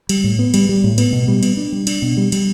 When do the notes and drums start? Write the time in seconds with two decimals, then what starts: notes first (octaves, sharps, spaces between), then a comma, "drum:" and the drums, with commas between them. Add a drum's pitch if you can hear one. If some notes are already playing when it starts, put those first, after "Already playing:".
0.09 G3, drum: cymbal
0.24 A2
0.39 B3
0.54 G3, drum: cymbal
0.69 G3
0.84 A2
0.98 B3, drum: cymbal
1.13 B2
1.28 G3
1.43 B3, drum: cymbal
1.57 D4
1.72 G3
1.87 D4, drum: cymbal
2.02 B2
2.17 G3
2.32 G3, drum: cymbal